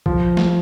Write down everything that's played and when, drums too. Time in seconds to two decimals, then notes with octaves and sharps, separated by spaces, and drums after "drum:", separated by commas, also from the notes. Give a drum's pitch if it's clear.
0.06 F3, drum: kick B1
0.37 drum: snare